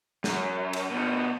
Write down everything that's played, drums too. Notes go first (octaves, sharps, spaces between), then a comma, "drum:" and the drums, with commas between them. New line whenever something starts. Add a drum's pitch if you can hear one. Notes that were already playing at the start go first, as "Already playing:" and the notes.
F#2, drum: snare
drum: cymbal
B2 F3